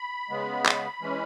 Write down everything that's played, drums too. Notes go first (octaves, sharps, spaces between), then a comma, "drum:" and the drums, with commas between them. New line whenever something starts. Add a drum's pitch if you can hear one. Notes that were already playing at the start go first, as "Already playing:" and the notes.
Already playing: B5
C#3 G#3 B3
drum: clap
E3 G#3 C#4